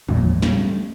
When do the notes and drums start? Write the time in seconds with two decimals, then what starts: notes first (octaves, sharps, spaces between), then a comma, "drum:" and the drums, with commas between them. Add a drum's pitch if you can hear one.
0.09 G#1 E2 A#2, drum: tom
0.42 G3 A3 C#4, drum: snare